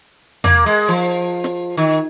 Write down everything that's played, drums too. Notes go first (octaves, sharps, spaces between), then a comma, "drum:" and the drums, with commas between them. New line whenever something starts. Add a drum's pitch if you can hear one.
A#3, drum: tom E2
G#3
F3
drum: snare
D#3